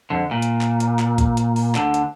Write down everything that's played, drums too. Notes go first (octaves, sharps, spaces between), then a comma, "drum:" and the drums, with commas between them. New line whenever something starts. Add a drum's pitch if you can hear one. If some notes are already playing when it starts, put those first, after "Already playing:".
F2 D3
A#2
drum: hi-hat
drum: clap
drum: hi-hat
drum: clap
drum: kick A1, hi-hat
drum: hi-hat
drum: open hi-hat
D2 D3, drum: clap
drum: hi-hat